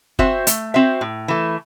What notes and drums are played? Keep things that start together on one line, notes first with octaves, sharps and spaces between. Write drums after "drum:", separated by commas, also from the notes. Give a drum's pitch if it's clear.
C4 F#4 C5 E5, drum: kick F#1
A3, drum: hi-hat
C4 F#4 C5 E5
A2
E3 A3